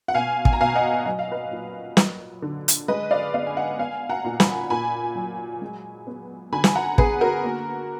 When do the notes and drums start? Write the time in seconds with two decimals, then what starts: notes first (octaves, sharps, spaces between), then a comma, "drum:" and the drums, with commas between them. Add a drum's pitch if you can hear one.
0.08 F#5
0.14 B2 F5 G#5
0.45 G#5, drum: kick
0.53 A#5
0.60 B2 F5 G#5
0.75 D#5 F#5
1.06 F#3 D#5
1.19 F5
1.32 B4 D#5
1.51 A#2
1.97 F#3, drum: snare
2.42 D3
2.68 drum: hi-hat
2.88 G#3 B4 D#5
3.11 D5 F5
3.34 B3 D5 F5
3.47 G#5
3.56 D#5 F#5
3.79 B3 F5 G#5
4.09 F#5 A#5
4.25 A#2
4.40 G#5 B5, drum: snare
4.70 A#2 G#5 B5
5.15 F#3
5.62 G#3
6.07 B3
6.53 D3 G#5 B5
6.64 drum: snare
6.75 F#5 A#5
6.98 B3 G#4 B4, drum: kick
7.21 F#4 A#4
7.44 A#3